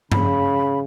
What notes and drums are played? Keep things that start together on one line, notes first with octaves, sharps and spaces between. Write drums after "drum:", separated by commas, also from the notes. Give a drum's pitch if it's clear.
C#3 B5, drum: tom G2